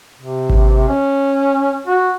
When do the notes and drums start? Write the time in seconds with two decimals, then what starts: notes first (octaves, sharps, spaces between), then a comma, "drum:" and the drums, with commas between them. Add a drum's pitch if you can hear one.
0.19 C3
0.49 drum: kick G#1
0.88 C#4
1.87 F#4